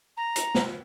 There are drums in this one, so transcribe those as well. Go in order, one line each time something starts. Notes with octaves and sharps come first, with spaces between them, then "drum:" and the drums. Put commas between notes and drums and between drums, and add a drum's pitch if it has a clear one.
A#5
drum: hi-hat
drum: snare